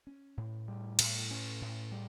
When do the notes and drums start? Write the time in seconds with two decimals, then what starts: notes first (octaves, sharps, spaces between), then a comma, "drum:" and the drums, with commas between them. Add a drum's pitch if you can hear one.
0.07 C#4
0.37 A2
0.68 G3
0.99 A2, drum: cymbal
1.31 C#4
1.61 A2
1.92 G3